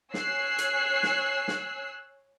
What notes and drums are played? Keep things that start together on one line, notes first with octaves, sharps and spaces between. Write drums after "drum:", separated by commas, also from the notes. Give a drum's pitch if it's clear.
C#5 G#5 E6 F#6 C7, drum: snare
drum: hi-hat
drum: snare
drum: snare